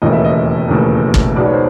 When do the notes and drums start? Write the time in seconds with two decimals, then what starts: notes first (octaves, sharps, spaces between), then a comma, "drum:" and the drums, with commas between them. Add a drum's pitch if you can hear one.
0.02 E1 D#2 C#3 E3 A3 D#5
0.13 E5
0.24 D#5
0.69 E1 D#2 C#3 E3 A3
1.14 drum: kick
1.36 B1 B2 G#3 B3 D#4 D5
1.46 C#5
1.54 C5